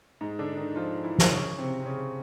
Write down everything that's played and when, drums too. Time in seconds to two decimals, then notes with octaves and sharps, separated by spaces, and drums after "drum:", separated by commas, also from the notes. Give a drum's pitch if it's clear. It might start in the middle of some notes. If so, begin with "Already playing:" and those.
0.21 G#2 G#3
0.39 D3 D4
0.57 D#3 D#4
0.76 F3 F4
1.03 E3 E4
1.19 drum: snare
1.30 C#3 C#4
1.58 C3 C4
1.81 C4
1.86 C#3 C#4